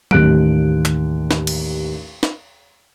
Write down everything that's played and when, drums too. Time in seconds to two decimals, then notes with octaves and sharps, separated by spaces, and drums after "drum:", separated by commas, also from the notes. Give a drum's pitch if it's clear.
0.11 A1 D#2 F#6 D7, drum: tom F#3
0.85 drum: clap
1.31 drum: snare
1.47 drum: cymbal
2.23 drum: snare